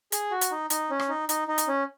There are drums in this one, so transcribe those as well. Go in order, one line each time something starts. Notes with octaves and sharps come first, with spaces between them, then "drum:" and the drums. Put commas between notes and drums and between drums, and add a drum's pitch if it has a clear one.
G#4, drum: hi-hat
F#4
drum: hi-hat
D#4
D#4, drum: hi-hat
C#4
drum: rim click
D#4
D#4, drum: hi-hat
D#4
drum: hi-hat
C#4